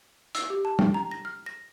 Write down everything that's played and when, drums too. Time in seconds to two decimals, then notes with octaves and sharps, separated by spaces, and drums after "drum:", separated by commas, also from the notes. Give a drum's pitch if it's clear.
0.35 E6, drum: hi-hat
0.50 G4
0.65 A5
0.79 G5, drum: tom
0.94 A#5
1.11 A#6
1.25 F6
1.46 A#6